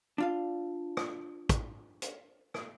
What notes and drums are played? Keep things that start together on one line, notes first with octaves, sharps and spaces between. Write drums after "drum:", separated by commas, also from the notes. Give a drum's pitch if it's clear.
D4 F4 F5
drum: rim click
drum: kick, hi-hat
drum: hi-hat
drum: rim click